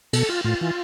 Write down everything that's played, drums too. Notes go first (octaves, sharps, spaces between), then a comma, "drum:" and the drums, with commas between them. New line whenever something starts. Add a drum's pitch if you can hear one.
B2 A4, drum: cymbal
F4
A2 F4
E3